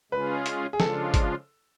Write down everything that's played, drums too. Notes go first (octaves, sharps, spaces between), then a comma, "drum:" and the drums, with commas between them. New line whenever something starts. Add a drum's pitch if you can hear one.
C#3 G#3 C#4 F4 G#4 B4
drum: hi-hat
G#4
C#3 F3 G#3 D4 F4 A4, drum: snare
drum: kick, hi-hat